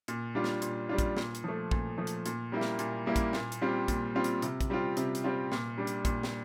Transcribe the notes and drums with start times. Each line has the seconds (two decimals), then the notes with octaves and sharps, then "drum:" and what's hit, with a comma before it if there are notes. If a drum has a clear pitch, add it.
0.08 A#2, drum: hi-hat
0.35 G3 D4 F4
0.44 drum: snare
0.62 A#2, drum: hi-hat
0.89 G3 D4 F4
0.98 drum: kick, hi-hat
1.17 A#2, drum: snare
1.35 drum: hi-hat
1.44 F3 A3
1.71 A#2, drum: kick
1.98 F3 A3
2.07 drum: hi-hat
2.26 A#2, drum: hi-hat
2.52 G3 A#3 E4
2.61 drum: snare
2.79 A#2, drum: hi-hat
3.06 G3 A#3 E4
3.16 drum: kick, hi-hat
3.33 A#2, drum: snare
3.52 drum: hi-hat
3.61 G3 C4 F4
3.88 A#2, drum: kick, hi-hat
4.15 G3 C4 F4
4.24 drum: hi-hat
4.42 C3, drum: hi-hat
4.61 drum: kick, hi-hat
4.70 G3 C4 F4
4.97 C3, drum: hi-hat
5.15 drum: hi-hat
5.24 G3 C4 F4
5.52 A#2, drum: snare
5.78 G3 D4
5.87 drum: hi-hat
6.05 A#2, drum: kick, hi-hat
6.23 drum: snare